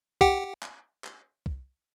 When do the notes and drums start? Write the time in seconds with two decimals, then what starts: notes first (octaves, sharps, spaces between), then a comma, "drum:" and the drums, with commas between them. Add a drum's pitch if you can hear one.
0.21 G4 F#5 G5, drum: kick
0.63 drum: clap
1.04 drum: clap
1.46 drum: kick